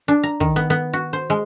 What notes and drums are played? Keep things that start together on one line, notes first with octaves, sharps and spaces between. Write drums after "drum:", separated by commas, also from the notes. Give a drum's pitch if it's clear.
D4
A#5
D#3, drum: kick, hi-hat
B3
B3, drum: hi-hat
F#4, drum: hi-hat
C5
G#3